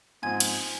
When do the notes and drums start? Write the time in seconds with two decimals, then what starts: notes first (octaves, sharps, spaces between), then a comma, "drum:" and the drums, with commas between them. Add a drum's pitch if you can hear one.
0.22 G#2 F3 C4 G#5 G#6
0.40 drum: cymbal